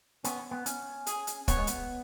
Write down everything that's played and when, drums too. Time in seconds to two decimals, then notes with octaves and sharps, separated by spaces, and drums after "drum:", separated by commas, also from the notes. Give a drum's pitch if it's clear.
0.24 B3 C#4, drum: hi-hat
0.51 B3
0.66 C#4, drum: hi-hat
1.06 G#4, drum: hi-hat
1.27 drum: hi-hat
1.48 B3 C#5, drum: kick, hi-hat
1.57 G#3
1.67 B3, drum: hi-hat